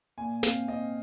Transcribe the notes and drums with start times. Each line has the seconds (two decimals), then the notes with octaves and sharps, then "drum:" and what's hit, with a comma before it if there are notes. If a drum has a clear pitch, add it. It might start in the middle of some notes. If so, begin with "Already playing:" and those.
0.18 A#2 G#5
0.43 C4 F5, drum: snare
0.68 C4 D#5